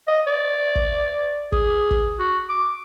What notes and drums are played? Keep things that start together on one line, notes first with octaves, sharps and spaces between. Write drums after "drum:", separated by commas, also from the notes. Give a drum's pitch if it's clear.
D#5
D5
drum: kick
G#4, drum: kick
drum: kick
F#4
D6